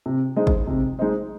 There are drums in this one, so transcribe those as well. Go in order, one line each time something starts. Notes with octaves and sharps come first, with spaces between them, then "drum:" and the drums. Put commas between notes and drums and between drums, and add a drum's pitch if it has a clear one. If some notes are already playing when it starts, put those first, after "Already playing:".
C3
G#3 D#4 C5 D#5
drum: kick G#1
C3
G#3 D#4 C5 D#5